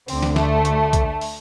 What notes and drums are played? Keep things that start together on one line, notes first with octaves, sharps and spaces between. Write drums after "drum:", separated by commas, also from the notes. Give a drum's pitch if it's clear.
D2 D3 C4, drum: open hi-hat
drum: snare
A3, drum: snare
drum: hi-hat
drum: kick, hi-hat
drum: open hi-hat